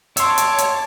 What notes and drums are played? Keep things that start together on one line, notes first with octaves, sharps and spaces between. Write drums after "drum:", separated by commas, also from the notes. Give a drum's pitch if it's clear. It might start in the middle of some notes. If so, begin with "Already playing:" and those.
C#5 A5 C6 D6 E6, drum: hi-hat
drum: hi-hat
drum: hi-hat